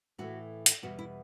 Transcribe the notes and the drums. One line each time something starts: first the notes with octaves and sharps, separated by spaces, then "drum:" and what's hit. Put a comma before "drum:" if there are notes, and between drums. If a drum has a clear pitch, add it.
A2 E3 A3 F#4
drum: hi-hat
E2 B2 G3 B3 F#4
E4